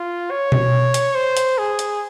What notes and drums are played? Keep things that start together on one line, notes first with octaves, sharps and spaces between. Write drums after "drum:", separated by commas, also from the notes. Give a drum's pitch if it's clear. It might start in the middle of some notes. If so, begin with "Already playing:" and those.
Already playing: F4
C#5
drum: tom B2
drum: hi-hat
C5
drum: hi-hat
G#4
drum: hi-hat